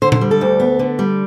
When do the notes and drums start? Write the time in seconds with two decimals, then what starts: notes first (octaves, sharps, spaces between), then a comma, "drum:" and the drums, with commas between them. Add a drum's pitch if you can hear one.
0.02 D3 C5
0.12 C5, drum: tom A#2
0.21 G3
0.31 A4
0.41 D2
0.60 B3
0.79 D3
0.99 G3